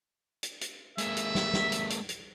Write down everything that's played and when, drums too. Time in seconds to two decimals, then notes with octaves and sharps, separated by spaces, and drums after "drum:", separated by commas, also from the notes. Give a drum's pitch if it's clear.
0.43 drum: hi-hat
0.61 drum: hi-hat
0.98 G#3 A#3 E5, drum: hi-hat
1.17 drum: hi-hat
1.35 drum: snare
1.53 drum: snare
1.72 drum: hi-hat
1.90 drum: hi-hat
2.09 drum: hi-hat